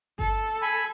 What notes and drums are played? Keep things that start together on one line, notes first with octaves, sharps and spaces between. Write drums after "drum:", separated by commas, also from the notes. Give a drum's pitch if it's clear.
A4, drum: kick G1
G#5 B5